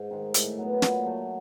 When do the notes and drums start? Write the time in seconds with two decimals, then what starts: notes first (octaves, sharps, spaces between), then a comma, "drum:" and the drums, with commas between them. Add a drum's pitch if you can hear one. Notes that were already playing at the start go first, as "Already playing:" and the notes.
Already playing: G#2
0.10 D#3 G#3
0.34 A2, drum: hi-hat
0.58 F#3 B3
0.82 A#2, drum: snare
1.06 F#3 A3